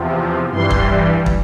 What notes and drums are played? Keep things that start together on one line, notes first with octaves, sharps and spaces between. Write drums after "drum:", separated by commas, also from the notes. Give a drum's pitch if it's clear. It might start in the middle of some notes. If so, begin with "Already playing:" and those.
Already playing: E2 C3 F3
G2 E3 G3 C6
drum: kick
drum: kick